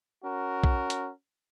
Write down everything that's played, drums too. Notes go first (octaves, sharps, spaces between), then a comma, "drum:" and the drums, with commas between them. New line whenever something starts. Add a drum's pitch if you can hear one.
C#4 F#4 A#4
drum: kick A#1
drum: hi-hat